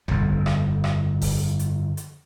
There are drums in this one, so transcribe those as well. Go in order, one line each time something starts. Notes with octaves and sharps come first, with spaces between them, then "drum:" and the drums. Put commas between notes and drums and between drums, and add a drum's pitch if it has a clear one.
G1 F2, drum: tom
drum: rim click
drum: rim click
drum: kick G1, open hi-hat
drum: hi-hat
drum: hi-hat